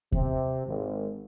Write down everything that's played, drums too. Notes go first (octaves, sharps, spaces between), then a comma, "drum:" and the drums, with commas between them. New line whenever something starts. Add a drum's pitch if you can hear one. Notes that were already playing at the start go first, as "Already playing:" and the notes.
C3, drum: kick D#2
G#1